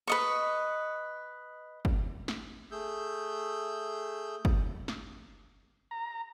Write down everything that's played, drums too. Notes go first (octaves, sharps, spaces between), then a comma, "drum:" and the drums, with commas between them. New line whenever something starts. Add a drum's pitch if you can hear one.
B4 D#5 C#6
drum: kick
drum: snare
A3 G#4 E6 G6
drum: kick
drum: snare
A#5